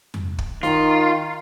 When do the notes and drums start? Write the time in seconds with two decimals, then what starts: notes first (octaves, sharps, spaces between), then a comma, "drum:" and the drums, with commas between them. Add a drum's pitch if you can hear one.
0.14 drum: tom F2
0.38 drum: kick
0.63 D#3 F4, drum: snare D#4